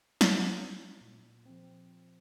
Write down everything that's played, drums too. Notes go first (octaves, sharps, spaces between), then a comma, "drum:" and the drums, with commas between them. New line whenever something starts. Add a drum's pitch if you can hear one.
E4, drum: snare
A#2
F3 C4